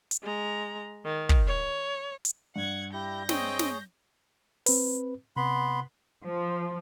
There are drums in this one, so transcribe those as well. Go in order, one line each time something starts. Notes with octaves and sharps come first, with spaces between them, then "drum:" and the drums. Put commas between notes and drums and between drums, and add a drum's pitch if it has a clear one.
drum: hi-hat
G#3 A#5
D#3
drum: kick
C#5
drum: hi-hat
G2 F#5 G#6
E4 G4 G6 A#6
C4 G#4 C#5 D#5 G5, drum: snare
drum: snare
C4 B4, drum: open hi-hat
C3 B3 B5 C6
F3